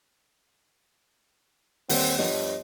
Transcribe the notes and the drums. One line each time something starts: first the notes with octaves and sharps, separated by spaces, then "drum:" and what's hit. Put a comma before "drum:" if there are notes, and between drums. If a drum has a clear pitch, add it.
D#2 G3 A#3 C4 C#5 F#5, drum: open hi-hat
G2 F3 B3 G4 C#5 D#5 A5, drum: snare